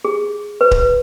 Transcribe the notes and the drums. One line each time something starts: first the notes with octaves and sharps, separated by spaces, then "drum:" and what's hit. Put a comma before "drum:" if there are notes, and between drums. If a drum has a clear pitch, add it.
G#4
B4
drum: kick D1